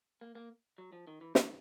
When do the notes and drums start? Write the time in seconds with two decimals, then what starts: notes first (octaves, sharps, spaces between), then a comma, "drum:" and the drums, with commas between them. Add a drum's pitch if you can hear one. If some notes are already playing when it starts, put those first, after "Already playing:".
0.21 A#3
0.35 A#3
0.78 F#3
0.93 F3
1.07 D#3
1.21 E3
1.35 D#3, drum: snare